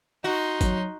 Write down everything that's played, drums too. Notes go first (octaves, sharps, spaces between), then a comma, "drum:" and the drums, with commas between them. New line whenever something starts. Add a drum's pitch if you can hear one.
D#4 F#4 C6
F#3, drum: kick, tambourine